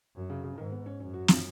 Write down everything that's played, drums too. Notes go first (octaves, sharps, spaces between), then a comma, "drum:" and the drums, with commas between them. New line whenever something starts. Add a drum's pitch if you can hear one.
F#2
C#3
C#3
G#2 D#3
B3
C#4
F#2 C#4
F#4
F4, drum: snare